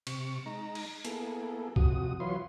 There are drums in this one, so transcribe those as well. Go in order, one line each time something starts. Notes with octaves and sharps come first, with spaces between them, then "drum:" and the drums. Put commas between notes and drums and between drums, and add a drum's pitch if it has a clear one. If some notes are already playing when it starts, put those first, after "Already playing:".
C3 C#6, drum: cymbal
G#3 D#4 A#5
drum: cymbal
A#3 B3 E4 G#4 A4, drum: hi-hat
F2 C3 F#4 D#6, drum: kick
E3 F#3 F4 B4 C#5 C6